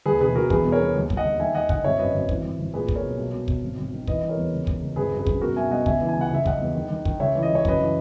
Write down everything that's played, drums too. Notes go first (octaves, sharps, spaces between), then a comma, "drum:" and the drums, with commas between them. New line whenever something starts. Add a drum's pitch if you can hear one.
D#2 G#4 B4
E1 G#4 B4
E1 F#4 A#4
E2 G#4 B4, drum: kick
B2
A#4 C#5
B2
D#2
D#2, drum: kick
D#5 F#5
D#2
D#3 E5 G#5
D#3 D#5 F#5
F#1 D#5 F#5, drum: kick
G#1 C#5 E5
F#2 B4 D#5
G#1
E3, drum: kick
G#1
G#1
A#2 G#4 B4
A#2, drum: kick
A#4 C#5
B1
B1
B2
B1, drum: kick
G#1
G#1
D#3
E3 B4 D#5, drum: kick
E3
A#4 C#5
E2
C#2
C#2, drum: kick
C#2
G#1 G#4 B4
F#2
G#4 B4
F#2, drum: kick
B2 F#4 A#4
B2 E5 G#5
B2 D#5 F#5
C#2 E5 G#5, drum: kick
E3
G#5
C#2
F#5
F#1 E5
F#1 D#5 F#5, drum: kick
E2
D#3
D#3
D#3, drum: kick
C#2 C#5 E5
E3
D#5
C#2
C#5
F#2 B4 D#5, drum: kick
E3